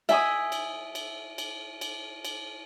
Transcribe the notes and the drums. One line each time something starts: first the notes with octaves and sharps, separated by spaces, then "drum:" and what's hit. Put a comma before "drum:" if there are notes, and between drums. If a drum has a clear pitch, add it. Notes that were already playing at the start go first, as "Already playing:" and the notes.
E5 G#5 D#6, drum: cymbal
drum: cymbal
drum: cymbal
drum: cymbal
drum: cymbal
drum: cymbal